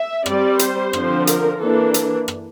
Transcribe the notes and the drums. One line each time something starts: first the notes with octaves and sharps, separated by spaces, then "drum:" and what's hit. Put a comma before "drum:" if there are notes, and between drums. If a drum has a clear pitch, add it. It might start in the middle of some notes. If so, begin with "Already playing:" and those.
Already playing: E5
G3 C4 D5, drum: rim click
C5, drum: hi-hat
D3 F3 C4, drum: rim click
A#4, drum: hi-hat
E3 A#3 D4 A4
drum: hi-hat
drum: rim click